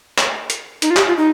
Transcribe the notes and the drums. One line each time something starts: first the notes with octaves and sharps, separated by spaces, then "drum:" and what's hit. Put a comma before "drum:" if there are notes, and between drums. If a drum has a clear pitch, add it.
drum: clap
drum: hi-hat
D#4, drum: hi-hat
F4
G4, drum: clap
F4
D#4